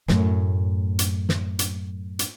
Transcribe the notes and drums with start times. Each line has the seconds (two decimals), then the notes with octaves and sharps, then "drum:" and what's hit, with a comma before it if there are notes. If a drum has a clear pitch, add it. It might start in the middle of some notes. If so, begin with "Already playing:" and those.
0.08 F#2 A2, drum: snare
0.99 drum: hi-hat
1.29 drum: snare
1.59 drum: hi-hat
2.19 drum: hi-hat